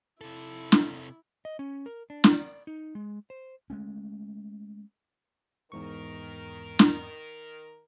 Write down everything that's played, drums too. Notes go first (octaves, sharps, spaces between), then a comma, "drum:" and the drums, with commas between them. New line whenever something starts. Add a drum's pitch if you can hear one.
C3 E4 A4
drum: snare
D#5
C#4
A#4
D4
drum: snare
D5
D#4
G#3
C5
G#3 A3 C#4
E2 G#2 D#3 A#4 C#6
drum: snare